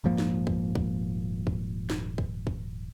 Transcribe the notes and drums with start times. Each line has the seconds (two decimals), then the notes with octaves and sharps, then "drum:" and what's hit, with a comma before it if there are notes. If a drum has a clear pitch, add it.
0.04 D#1 G#2 F3 A#3
0.18 drum: snare
0.47 drum: kick
0.75 drum: kick
1.47 drum: kick
1.90 drum: snare
2.18 drum: kick
2.47 drum: kick